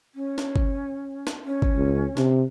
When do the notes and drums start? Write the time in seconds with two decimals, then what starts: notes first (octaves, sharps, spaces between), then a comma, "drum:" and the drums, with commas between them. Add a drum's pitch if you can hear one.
0.15 C#4
0.38 drum: snare
0.56 drum: kick
1.27 drum: snare
1.44 C#4
1.62 drum: kick
1.76 C#2
2.17 C3, drum: snare